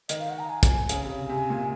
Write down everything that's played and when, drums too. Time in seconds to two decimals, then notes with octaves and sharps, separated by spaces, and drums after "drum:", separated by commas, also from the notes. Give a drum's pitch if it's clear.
0.09 D#3 D#5, drum: hi-hat
0.19 F5
0.30 F#5
0.39 A#5
0.50 G#5
0.63 drum: kick, hi-hat
0.89 C#3, drum: hi-hat
1.04 C3
1.10 C#3
1.29 C3 G#5
1.50 A#2
1.60 C3